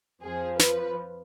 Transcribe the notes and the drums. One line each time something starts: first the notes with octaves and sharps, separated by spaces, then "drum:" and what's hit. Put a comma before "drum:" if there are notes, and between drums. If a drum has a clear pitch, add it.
F2 F3 G#4
B4, drum: snare